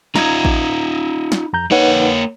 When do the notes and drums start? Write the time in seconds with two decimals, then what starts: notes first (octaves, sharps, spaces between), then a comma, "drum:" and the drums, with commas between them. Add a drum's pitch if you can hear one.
0.16 D#4 F4 A#5 G#6, drum: snare
0.45 drum: kick A1
1.32 drum: snare
1.53 F2 A#5 G6
1.71 A#3 D#4 B4 C#5 F#5